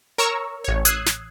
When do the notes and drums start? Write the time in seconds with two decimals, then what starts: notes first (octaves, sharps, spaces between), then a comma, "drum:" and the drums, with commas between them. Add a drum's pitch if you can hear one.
0.18 A#4 C#5 A#5 C#6 E6
0.64 A1 C#5
0.85 D#6 E6 F#6 G#6 C7, drum: hi-hat
1.06 drum: snare